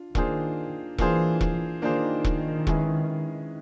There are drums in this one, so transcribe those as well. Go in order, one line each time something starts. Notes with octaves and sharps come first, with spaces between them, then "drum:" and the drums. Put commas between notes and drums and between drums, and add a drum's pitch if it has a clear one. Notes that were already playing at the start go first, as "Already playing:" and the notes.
Already playing: D4 F4
D#3 A#3 D4 F4 G#4 C5, drum: kick E1
E3 A#3 D4 F4 G#4 C5, drum: kick E1
drum: kick E1
D#3 A#3 D4 F4 G#4 C5
drum: kick E1
G#3 C#4 E4 G#4 B4, drum: kick E1